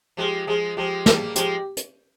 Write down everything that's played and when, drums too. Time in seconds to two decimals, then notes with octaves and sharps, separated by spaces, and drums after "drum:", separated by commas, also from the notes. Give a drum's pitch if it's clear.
0.17 F3 G#3 G4
0.47 F3 G#3 G#4
0.77 F3 G#3 G4
1.06 G3 A#3, drum: snare
1.35 F3 G#3 G4, drum: hi-hat
1.77 drum: hi-hat